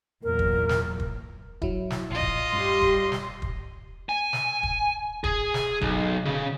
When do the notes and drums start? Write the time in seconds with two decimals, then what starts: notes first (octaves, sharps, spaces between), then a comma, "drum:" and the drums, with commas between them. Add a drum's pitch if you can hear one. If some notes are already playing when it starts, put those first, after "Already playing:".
0.24 E2 A#2 F#3 A#4
0.39 drum: kick
0.69 drum: snare
1.00 drum: kick
1.62 F#3 E4, drum: kick
1.90 drum: snare
2.10 A#1 F4 D#5
2.21 drum: kick
2.53 G2 G3 C6
2.81 drum: kick
3.12 drum: snare
3.42 drum: kick
4.09 G#5
4.33 drum: snare
4.63 drum: kick
5.24 G#4, drum: kick
5.54 drum: snare
5.82 B1, drum: kick
6.26 C#3